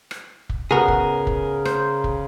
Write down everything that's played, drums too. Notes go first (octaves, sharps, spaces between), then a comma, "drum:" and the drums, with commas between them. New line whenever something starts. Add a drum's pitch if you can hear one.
drum: rim click
drum: kick
C#3 B3 F#4 G#4 A#4
drum: kick
drum: kick
C5, drum: rim click
drum: kick